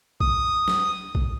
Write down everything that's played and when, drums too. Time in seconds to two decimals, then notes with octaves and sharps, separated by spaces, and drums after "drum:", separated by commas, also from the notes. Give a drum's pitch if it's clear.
0.20 D#6, drum: kick A#1
0.68 drum: snare
1.15 drum: kick A#1